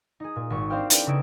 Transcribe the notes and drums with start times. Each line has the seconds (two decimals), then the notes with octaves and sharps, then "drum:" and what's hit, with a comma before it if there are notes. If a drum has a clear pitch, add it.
0.20 D#4 G#4
0.36 A#2
0.50 G#1 C#6
0.70 C4 D4 G4 C5 F5 G5
0.90 C4 D4 E4 G4 A4 B4, drum: hi-hat
1.07 C#3 D#4 F#5 E6 G#6 D7